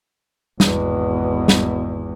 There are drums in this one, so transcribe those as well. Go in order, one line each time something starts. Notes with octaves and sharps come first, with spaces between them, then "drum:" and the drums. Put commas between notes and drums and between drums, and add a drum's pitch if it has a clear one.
G#1 E2 B2, drum: snare
drum: snare